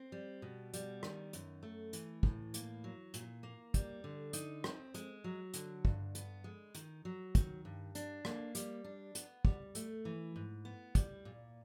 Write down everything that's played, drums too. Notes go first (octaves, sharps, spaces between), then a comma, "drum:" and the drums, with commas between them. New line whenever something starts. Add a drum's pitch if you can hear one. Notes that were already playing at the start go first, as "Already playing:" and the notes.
Already playing: C4
G3
B2
G3, drum: hi-hat
D#3, drum: rim click
F#2, drum: hi-hat
A3
E3, drum: hi-hat
A2, drum: kick
A#3, drum: hi-hat
F#3
A#2, drum: hi-hat
A#3
G3, drum: kick, hi-hat
D3
D#4, drum: hi-hat
C4, drum: rim click
G#3, drum: hi-hat
F#3
D3, drum: hi-hat
G2, drum: kick
B3, drum: hi-hat
G#3
D#3, drum: hi-hat
F#3
D#3, drum: kick, hi-hat
G2
D4, drum: hi-hat
A#3, drum: rim click
G3, drum: hi-hat
D4
B3, drum: hi-hat
G3, drum: kick
A3, drum: hi-hat
E3
G#2
B3
G3, drum: kick, hi-hat
A#2